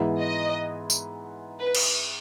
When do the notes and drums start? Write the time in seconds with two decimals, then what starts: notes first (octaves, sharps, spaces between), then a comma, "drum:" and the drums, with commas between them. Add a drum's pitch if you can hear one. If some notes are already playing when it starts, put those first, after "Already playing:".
Already playing: G#2 E3 B3 E4 G#4
0.20 D#5
0.90 drum: tambourine
1.59 B4
1.75 drum: cymbal